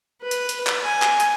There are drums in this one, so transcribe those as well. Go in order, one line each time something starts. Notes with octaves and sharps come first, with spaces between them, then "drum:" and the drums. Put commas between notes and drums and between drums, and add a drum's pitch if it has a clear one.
B4
drum: hi-hat
drum: hi-hat
drum: clap
G#5
drum: clap
drum: hi-hat